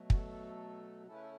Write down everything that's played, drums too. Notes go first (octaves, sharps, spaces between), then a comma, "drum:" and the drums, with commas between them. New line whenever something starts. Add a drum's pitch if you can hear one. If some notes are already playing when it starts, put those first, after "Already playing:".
Already playing: B2 F#3 A3
F#4, drum: kick
A4
C#3 A3 C#4 E4 A4
B4
A4